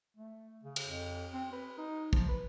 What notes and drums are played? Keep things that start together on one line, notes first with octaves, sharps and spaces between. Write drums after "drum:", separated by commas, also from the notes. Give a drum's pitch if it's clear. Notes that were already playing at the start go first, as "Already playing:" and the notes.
A3
C#3
drum: cymbal
F2
C4
B4
D#4
F3, drum: kick
B4